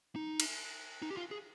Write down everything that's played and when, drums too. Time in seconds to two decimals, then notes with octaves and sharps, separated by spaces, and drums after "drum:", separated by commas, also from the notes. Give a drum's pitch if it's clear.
0.16 D#4
0.40 drum: cymbal
1.02 D#4
1.10 G4
1.17 F4
1.31 G#4